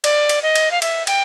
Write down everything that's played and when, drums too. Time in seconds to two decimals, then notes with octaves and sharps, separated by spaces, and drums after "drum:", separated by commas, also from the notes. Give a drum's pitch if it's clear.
0.04 D5, drum: cymbal
0.29 drum: cymbal
0.43 D#5
0.55 drum: cymbal
0.71 F5
0.82 E5, drum: cymbal
1.07 G5, drum: cymbal